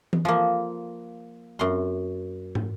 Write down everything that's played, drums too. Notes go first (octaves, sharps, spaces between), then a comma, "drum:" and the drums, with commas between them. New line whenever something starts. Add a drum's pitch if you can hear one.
drum: tom E3
F3 A#3
F#2 C6
drum: tom